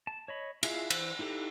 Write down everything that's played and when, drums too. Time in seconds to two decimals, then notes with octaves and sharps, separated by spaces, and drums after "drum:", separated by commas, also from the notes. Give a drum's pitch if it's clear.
0.07 A5
0.28 C#5 D#5 B5
0.63 E4 F4 G#4 E5 F5, drum: cymbal
0.90 E3 C5 E6, drum: cymbal
1.19 D#4 E4 G4 A4